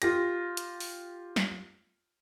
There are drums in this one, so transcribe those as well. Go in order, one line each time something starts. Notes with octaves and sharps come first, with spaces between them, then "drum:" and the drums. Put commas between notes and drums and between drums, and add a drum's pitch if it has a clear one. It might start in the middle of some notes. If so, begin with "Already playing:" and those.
F4 G4 A#6, drum: hi-hat
drum: hi-hat
drum: open hi-hat
drum: snare